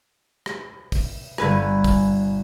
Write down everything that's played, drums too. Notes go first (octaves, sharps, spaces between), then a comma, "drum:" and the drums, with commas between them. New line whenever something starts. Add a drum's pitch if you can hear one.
drum: rim click
drum: kick, open hi-hat
G1 B4 G#5, drum: rim click
drum: kick, open hi-hat